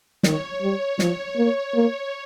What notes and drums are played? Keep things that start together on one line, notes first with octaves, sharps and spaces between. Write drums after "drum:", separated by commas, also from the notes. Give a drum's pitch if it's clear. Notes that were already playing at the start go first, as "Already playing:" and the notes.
D#3 C#5, drum: snare
G3
F3 C#5, drum: snare
A#3
A#3